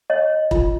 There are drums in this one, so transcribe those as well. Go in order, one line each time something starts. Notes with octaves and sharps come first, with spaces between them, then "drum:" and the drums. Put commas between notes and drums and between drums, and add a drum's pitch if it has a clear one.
C#5 D#5
F4, drum: kick E1